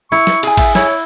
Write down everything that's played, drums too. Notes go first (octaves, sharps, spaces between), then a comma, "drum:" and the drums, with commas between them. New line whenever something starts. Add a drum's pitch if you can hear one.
E4 C#6
drum: snare
G#4 G#5, drum: cymbal
E5, drum: kick, cymbal
E4 C#5, drum: snare